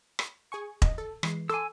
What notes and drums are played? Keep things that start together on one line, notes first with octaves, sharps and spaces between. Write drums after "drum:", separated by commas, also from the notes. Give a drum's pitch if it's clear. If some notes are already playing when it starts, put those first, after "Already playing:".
drum: rim click
G#4 G#5 C#6
D#5, drum: kick E1
A4
E3 G#3 C7, drum: rim click
A4 G#5 C6 D6 E6